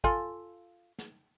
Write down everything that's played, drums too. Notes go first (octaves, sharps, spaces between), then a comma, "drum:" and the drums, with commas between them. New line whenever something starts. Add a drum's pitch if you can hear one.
F4 A4 G#5, drum: kick
drum: snare